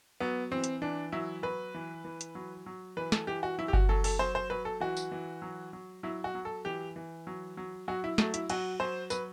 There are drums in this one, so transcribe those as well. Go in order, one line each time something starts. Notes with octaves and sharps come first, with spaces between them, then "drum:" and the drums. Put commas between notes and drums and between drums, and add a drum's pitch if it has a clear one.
F#3 B3
E3 C4
drum: hi-hat
E3 D4
F#3 E4
F#3 B4
E3
E3
drum: hi-hat
F#3
F#3
E3 B4
A4, drum: snare
E3 G4
F#4
F#3 E4
G4
F#4, drum: kick G1
F#3 A4
A4, drum: open hi-hat
F#3 C5
C5
F#3 B4
A4
E3 F#4
drum: tambourine
E3
F#3
F#3
F#3 E4
F#4
F#3
A4
E3 G4
E3
F#3
F#3
F#3 F#4
E4
F#3 A3, drum: snare
E4, drum: hi-hat
F#3 F#4, drum: cymbal
F#3 C5
F#3 B4, drum: tambourine